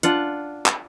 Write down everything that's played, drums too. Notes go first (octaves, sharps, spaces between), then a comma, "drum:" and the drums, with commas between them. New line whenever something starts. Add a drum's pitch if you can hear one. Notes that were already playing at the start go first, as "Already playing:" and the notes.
D4 F4 F#5, drum: hi-hat
drum: clap